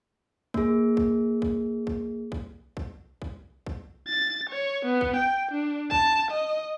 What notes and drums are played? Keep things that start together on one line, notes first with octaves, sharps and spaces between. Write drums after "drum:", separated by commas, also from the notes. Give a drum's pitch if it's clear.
A#3 G#4, drum: kick A#1
drum: kick A#1
drum: kick A#1
drum: kick A#1
drum: kick A#1
drum: kick A#1
drum: kick A#1
drum: kick A#1
A6
C#5
B3
drum: kick A#1
G5
D4
A5, drum: kick A#1
D#5